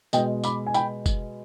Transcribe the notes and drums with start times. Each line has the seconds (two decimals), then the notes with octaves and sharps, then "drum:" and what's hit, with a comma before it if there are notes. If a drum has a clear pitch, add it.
0.13 B2 G#3 D#5 G5, drum: tambourine
0.44 B5 D6, drum: tambourine
0.67 G#5
0.74 G5 B5, drum: tambourine
1.06 drum: kick, tambourine